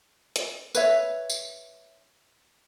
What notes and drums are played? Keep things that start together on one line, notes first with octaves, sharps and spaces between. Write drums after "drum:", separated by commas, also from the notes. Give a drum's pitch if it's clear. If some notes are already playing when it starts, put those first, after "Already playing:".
drum: hi-hat
B4 C#5 E5, drum: tambourine
drum: tambourine